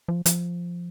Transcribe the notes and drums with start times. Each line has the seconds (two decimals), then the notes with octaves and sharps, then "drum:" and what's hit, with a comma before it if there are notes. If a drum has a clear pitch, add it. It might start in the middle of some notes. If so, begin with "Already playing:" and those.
0.08 F3
0.26 F3, drum: hi-hat